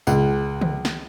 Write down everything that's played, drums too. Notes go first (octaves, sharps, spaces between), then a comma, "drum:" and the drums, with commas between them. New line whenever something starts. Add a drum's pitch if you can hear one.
C#2, drum: tambourine
drum: tom
drum: snare